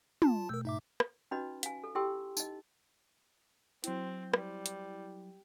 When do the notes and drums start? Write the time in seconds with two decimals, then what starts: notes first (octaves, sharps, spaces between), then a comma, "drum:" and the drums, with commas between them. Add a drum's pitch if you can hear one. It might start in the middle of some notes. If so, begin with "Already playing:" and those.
0.22 F4 A5, drum: tom
0.49 B2 A3 A#4 E6 G6
0.65 G#2 D#4 E5 D6
1.00 drum: rim click
1.31 C#4 D#4 F#4 B4 D#5 B5
1.63 F5 G#5, drum: hi-hat
1.84 A4
1.95 E4 G4 A4 G5 C6 E6
2.37 D#4 D#5, drum: tambourine
3.84 F#3 C4 E4, drum: hi-hat
4.34 G3, drum: rim click
4.66 drum: hi-hat